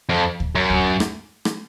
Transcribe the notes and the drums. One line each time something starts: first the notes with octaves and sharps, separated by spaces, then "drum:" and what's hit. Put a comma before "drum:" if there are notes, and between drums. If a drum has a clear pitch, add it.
F2
drum: kick D2
F#2
drum: kick D2
drum: rim click
drum: rim click